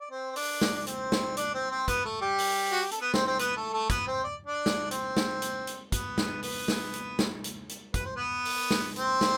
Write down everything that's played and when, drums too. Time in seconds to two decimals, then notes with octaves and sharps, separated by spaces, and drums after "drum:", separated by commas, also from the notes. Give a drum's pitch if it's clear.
0.01 D5
0.11 C4 C5
0.31 C5
0.36 D4 D5, drum: open hi-hat
0.61 drum: snare
0.77 D5
0.87 C4 C5, drum: hi-hat
1.12 drum: snare
1.37 D4 D5, drum: hi-hat
1.54 C4 C5
1.71 C4 C5
1.88 B3 B4, drum: kick, hi-hat
2.05 A3 A4
2.21 G3 G4
2.38 drum: open hi-hat
2.71 F#4
2.82 G4
2.91 A4, drum: hi-hat
3.02 B3 B4
3.14 C4 C5, drum: snare
3.27 C4 C5
3.39 B3 B4, drum: hi-hat
3.56 A3 A4
3.73 A3 A4
3.90 B3 B4, drum: kick, hi-hat
4.07 C4 C5
4.24 D5
4.47 D4 D5
4.66 drum: snare
4.91 C4 C5, drum: hi-hat
5.17 drum: snare
5.42 drum: hi-hat
5.67 drum: hi-hat
5.92 B3 B4, drum: kick, hi-hat
6.18 drum: snare
6.43 B3 B4, drum: open hi-hat
6.68 drum: snare
6.94 drum: hi-hat
7.19 drum: snare
7.44 drum: hi-hat
7.69 drum: hi-hat
7.94 B4, drum: kick, hi-hat
8.05 C5
8.16 B3 B4
8.45 drum: open hi-hat
8.71 drum: snare
8.96 C4 C5, drum: hi-hat
9.21 drum: snare